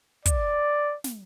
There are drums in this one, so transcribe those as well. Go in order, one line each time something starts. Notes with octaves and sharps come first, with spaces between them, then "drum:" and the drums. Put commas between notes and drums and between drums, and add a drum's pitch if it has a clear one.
D5, drum: kick, hi-hat
drum: snare